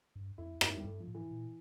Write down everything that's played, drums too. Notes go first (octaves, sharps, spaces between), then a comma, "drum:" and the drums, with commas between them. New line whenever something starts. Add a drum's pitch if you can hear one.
G2
F2 E4
G2 E4, drum: rim click
F2 G3
G2 A3
F3
A2
E3
A#2